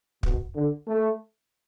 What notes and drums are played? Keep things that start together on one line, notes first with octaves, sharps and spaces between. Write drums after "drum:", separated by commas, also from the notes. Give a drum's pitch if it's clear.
B2, drum: kick
D3
A3